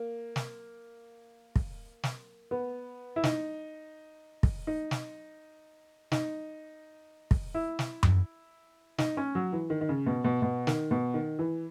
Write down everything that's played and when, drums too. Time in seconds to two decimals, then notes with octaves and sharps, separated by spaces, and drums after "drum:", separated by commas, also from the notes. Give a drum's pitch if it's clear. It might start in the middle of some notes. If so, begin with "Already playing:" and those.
Already playing: A#3
0.36 drum: snare
1.56 drum: kick
2.03 drum: snare
2.51 B3
3.16 E4
3.24 D#4, drum: snare
4.43 drum: kick
4.67 D#4
4.91 drum: snare
6.12 D#4, drum: snare
7.31 drum: kick
7.54 E4
7.79 drum: snare
8.03 drum: tom F#2
8.98 D#4, drum: snare
9.17 C#4
9.35 F#3
9.53 E3
9.70 D#3
9.81 D#3
9.89 C#3
10.06 B2
10.24 B2
10.42 B2
10.67 D#3, drum: snare
10.91 B2
11.14 D#3
11.39 E3